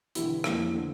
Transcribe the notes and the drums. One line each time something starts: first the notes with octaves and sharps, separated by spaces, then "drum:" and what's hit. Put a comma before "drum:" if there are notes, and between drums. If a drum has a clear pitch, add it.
E1 E2 D3 E4 G4, drum: hi-hat
F2 E3 G3 A#3, drum: rim click
D3 A3